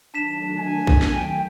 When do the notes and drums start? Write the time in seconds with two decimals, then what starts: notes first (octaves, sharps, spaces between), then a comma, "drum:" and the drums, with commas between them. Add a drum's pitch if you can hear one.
0.14 D#3 F#3 A3 D4 A5 B6 E7
0.58 G#5
0.87 drum: kick A#1
1.02 drum: snare
1.15 G5